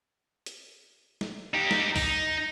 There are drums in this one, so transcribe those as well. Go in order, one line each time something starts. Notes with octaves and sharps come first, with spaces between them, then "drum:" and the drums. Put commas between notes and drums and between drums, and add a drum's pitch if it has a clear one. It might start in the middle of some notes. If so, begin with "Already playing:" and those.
drum: hi-hat
drum: snare
D#4 G4
drum: snare
D#4, drum: kick B1, open hi-hat